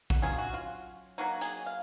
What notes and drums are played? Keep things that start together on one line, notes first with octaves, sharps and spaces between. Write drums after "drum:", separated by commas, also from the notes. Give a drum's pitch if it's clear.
F#4, drum: kick A#1
F#3 C#4 F4 G#4
F#4
F4
F#3 A#3 D#4 F#4
G#4, drum: hi-hat
F5